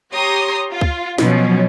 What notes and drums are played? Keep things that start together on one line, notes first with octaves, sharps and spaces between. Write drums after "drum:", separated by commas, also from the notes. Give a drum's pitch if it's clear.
G4 C#5 A#5 C6 D#6
F4
drum: kick C#2
B2 F3 F#3 C#4, drum: snare